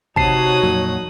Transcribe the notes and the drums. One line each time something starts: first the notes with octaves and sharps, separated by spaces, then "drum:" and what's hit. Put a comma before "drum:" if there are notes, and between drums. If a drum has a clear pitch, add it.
C3 D#4 F#4 C#5 A5 D#6 F#6 C7, drum: kick
F2 A#2 F#3